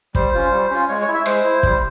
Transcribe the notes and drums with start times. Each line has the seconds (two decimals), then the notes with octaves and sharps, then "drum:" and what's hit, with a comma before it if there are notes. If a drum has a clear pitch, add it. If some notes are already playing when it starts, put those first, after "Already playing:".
0.15 G3 C5, drum: kick
0.34 C#4 F4
0.51 G3
0.71 C#4 F4
0.89 G#3 C#5
1.01 C#5
1.07 E4
1.14 E5
1.26 G#3 C5, drum: rim click
1.44 E4
1.63 G3, drum: kick